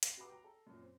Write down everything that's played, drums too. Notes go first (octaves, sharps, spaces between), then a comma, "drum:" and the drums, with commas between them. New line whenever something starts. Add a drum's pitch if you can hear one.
A#6 C7 F7, drum: hi-hat
F#4 G4 B4 G#5 B5 D6
G5 A#5
A4
F#2 A#2
C4